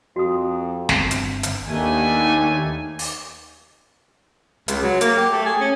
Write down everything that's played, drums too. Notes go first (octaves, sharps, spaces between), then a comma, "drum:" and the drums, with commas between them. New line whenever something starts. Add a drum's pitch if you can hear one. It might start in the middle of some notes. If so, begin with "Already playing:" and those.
F2 F#4 D#6
G1 C4, drum: snare
drum: hi-hat
drum: hi-hat
D#2 A3 D4 G#5
drum: open hi-hat
C#2, drum: hi-hat
F#3
A#3, drum: hi-hat
G4
A3
G#4
C#4